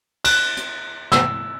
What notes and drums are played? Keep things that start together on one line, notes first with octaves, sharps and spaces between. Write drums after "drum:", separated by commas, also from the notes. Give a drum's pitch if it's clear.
F#6, drum: cymbal
drum: hi-hat
E6, drum: snare